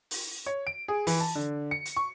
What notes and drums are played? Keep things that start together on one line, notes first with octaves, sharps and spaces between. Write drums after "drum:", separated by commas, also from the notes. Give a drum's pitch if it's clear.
drum: open hi-hat
C#5
D7
G#4
E3, drum: open hi-hat
A5
D3
C#7
drum: hi-hat
C#6